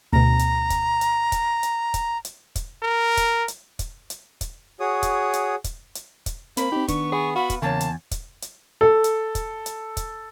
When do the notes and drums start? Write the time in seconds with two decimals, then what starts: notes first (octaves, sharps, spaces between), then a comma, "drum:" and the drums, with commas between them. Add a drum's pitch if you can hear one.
0.13 D2 B2 A#5
0.39 drum: hi-hat
0.70 drum: kick, hi-hat
1.01 drum: hi-hat
1.32 drum: kick, hi-hat
1.63 drum: hi-hat
1.94 drum: kick, hi-hat
2.25 drum: hi-hat
2.56 drum: kick, hi-hat
2.83 A#4
3.17 drum: kick, hi-hat
3.48 drum: hi-hat
3.79 drum: kick, hi-hat
4.10 drum: hi-hat
4.41 drum: kick, hi-hat
4.80 F#4 G#4 C#5 D#6
5.03 drum: kick, hi-hat
5.33 drum: hi-hat
5.64 drum: kick, hi-hat
5.95 drum: hi-hat
6.26 drum: kick, hi-hat
6.57 A#3 C4 A#4 C5 B5, drum: hi-hat
6.72 C4 D#4 G4
6.88 D#3 B3 D4 C#6, drum: kick, hi-hat
7.12 B3 G#4
7.36 F#4 F5 B5
7.50 drum: kick, hi-hat
7.62 E2 C#3 A#3 C#5 A5
7.81 drum: hi-hat
8.11 drum: kick, hi-hat
8.42 drum: hi-hat
8.81 A4
9.04 drum: hi-hat
9.35 drum: kick, hi-hat
9.66 drum: hi-hat
9.97 drum: kick, hi-hat